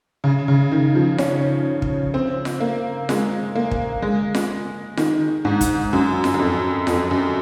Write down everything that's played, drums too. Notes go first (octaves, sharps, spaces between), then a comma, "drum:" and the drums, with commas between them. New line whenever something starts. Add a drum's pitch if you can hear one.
C#3
C#3
D#3
F3
C#4, drum: snare F4
drum: kick
C4
drum: snare F4
A#3
G#3, drum: snare F4
A#3
drum: kick
G#3
drum: snare F4
D#3, drum: snare F4
G#2
drum: kick, hi-hat
F#2
drum: snare F4
F#2
F2
F2, drum: snare F4
F#2